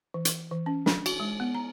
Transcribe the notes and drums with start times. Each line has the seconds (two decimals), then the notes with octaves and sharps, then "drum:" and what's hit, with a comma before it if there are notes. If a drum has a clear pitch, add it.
0.14 E3
0.25 drum: hi-hat
0.51 E3
0.66 C#4
0.86 D4, drum: snare
1.06 F#4, drum: cymbal
1.20 G#3
1.40 B3
1.54 A#5